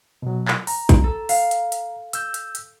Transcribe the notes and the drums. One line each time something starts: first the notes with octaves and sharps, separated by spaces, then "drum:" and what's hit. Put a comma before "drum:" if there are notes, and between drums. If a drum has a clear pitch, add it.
B2 F#3
drum: clap
A#5, drum: open hi-hat
drum: kick A1, hi-hat
A4
F5, drum: open hi-hat
drum: hi-hat
drum: hi-hat
E6 G6, drum: hi-hat
drum: hi-hat
drum: hi-hat